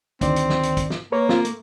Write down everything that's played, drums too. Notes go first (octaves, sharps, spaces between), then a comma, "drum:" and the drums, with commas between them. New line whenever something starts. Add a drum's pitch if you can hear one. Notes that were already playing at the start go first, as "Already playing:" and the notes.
D2 D#3 C4 D5, drum: kick, hi-hat
drum: hi-hat
drum: snare
drum: hi-hat
drum: kick, hi-hat
drum: snare
A#3 A#4 B4 C#5
C4 F4 A#4, drum: snare
A3, drum: hi-hat